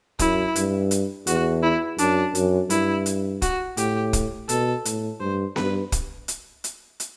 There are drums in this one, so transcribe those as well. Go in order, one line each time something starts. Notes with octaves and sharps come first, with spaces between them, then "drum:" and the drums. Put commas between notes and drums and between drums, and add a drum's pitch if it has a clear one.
F#2 E4, drum: kick, hi-hat
G2, drum: hi-hat
drum: hi-hat
E2 F#4, drum: hi-hat
E4
F#2 D4, drum: hi-hat
F#2, drum: hi-hat
G2 E4, drum: hi-hat
drum: hi-hat
F#4, drum: kick, hi-hat
A2 G4, drum: hi-hat
drum: kick, hi-hat
B2 A4, drum: hi-hat
A2, drum: hi-hat
G2 C5
G2 B4, drum: snare B3
drum: kick, hi-hat
drum: hi-hat
drum: hi-hat
drum: hi-hat